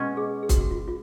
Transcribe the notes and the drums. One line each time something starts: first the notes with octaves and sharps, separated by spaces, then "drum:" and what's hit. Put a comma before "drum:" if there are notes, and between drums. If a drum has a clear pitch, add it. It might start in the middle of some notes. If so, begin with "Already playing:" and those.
Already playing: B2 G#3 C#4
G#4
G#4
F#4, drum: kick C#1, hi-hat
F#4
F4
F4